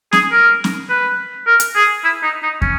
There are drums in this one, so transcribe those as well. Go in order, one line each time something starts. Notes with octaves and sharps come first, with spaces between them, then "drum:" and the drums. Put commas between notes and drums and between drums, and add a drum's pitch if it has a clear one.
G#4, drum: snare
A#4
drum: snare
B4
A#4
drum: hi-hat
G#4
E4
D#4
D#4
C#4, drum: kick